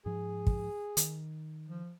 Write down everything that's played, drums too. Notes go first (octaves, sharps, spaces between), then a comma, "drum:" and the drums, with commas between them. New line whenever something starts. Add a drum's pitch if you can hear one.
G#2 F3 G#4
drum: kick
D#3, drum: hi-hat
F3